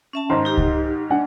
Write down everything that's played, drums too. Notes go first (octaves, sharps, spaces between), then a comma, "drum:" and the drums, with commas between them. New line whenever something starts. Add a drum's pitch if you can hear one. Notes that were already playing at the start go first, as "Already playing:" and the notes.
C#4 E5 A5
G#2 D#3 C5 A#5 C6
D#4 G4
drum: kick C#2
D4 F#5 G#5